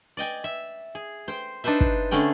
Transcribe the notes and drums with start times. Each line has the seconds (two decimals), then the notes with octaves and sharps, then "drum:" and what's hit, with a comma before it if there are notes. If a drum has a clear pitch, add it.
0.17 D5 D#5 G5 G#5
0.44 E5
0.95 G#4
1.28 C5 G5
1.64 D4 D#4 B4 C5 E5
1.81 drum: kick
2.11 D3 A3 C#4 G#4 G5